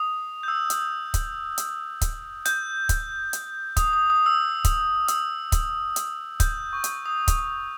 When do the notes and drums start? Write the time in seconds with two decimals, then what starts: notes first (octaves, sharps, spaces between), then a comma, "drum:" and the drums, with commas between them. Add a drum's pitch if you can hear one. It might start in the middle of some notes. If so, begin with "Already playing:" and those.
Already playing: D#6
0.43 G6
0.48 E6
0.70 drum: hi-hat
1.14 drum: kick, hi-hat
1.58 drum: hi-hat
2.01 drum: kick, hi-hat
2.46 G6, drum: hi-hat
2.89 drum: kick, hi-hat
3.33 drum: hi-hat
3.77 D#6, drum: kick, hi-hat
3.93 D#6
4.10 D#6
4.26 E6
4.65 drum: kick, hi-hat
5.08 E6, drum: hi-hat
5.52 drum: kick, hi-hat
5.96 drum: hi-hat
6.40 G6, drum: kick, hi-hat
6.73 C#6
6.84 drum: hi-hat
7.06 D#6
7.28 drum: kick, hi-hat
7.38 D#6